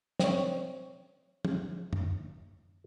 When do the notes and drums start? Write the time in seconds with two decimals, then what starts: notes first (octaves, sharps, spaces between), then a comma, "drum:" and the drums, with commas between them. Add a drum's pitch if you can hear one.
0.19 C4 C#5, drum: snare
1.45 drum: tom
1.93 drum: tom